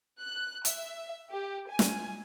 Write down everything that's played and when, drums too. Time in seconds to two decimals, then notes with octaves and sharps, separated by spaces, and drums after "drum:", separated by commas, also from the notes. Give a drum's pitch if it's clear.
0.19 F#6
0.65 E5, drum: hi-hat
1.30 G4
1.69 G#5
1.79 drum: snare